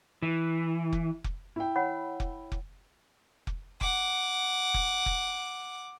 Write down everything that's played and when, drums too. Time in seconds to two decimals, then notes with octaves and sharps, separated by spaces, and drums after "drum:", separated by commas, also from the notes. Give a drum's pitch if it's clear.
0.22 E3
0.93 drum: kick F1
1.24 drum: kick F1
1.56 E4 G5
1.76 C#5 F#5 B5
2.20 drum: kick F1
2.52 drum: kick F1
3.47 drum: kick F1
3.81 F#5 D6, drum: kick F1
4.74 drum: kick F1
5.06 drum: kick F1